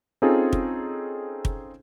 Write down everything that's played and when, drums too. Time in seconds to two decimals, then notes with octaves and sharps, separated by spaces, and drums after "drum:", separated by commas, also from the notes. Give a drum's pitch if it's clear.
0.22 C4 C#4 D#4 F4 G#4 A4
0.53 drum: kick
1.45 drum: kick